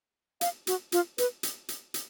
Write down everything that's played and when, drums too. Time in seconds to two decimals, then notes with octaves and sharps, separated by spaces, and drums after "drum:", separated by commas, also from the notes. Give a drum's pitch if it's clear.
0.41 F5, drum: hi-hat
0.67 F#4, drum: hi-hat
0.92 F4, drum: hi-hat
1.18 B4, drum: hi-hat
1.43 drum: hi-hat
1.68 drum: hi-hat
1.94 drum: hi-hat